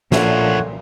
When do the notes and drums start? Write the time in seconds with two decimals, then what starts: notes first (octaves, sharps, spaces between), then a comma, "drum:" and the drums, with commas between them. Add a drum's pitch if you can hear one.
0.12 A#2 F3 A3 D4 C#5 F#5, drum: snare